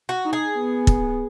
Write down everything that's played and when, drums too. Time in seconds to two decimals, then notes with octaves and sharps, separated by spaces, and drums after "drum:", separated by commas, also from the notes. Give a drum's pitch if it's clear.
0.09 F#4
0.25 D#4
0.33 G#4
0.56 B3
0.87 drum: kick